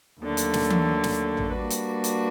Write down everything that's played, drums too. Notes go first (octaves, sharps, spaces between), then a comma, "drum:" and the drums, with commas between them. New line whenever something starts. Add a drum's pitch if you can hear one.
D#2 D3 F#3 A3
drum: hi-hat
drum: snare
drum: tom E3
drum: snare
drum: tom A1
G3 A#3 D4 F#4 B4
drum: hi-hat
drum: hi-hat